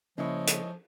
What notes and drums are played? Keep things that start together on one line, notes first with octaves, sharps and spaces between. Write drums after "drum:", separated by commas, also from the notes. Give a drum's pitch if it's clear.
C#3 F3 G#3 A#3 C#4 E4 C#5 D#5
drum: hi-hat